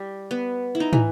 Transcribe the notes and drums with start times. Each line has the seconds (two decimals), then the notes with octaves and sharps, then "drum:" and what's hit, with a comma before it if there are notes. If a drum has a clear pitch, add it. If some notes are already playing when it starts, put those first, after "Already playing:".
Already playing: G3
0.31 B3
0.75 E4
0.80 D#4
0.93 E3, drum: tom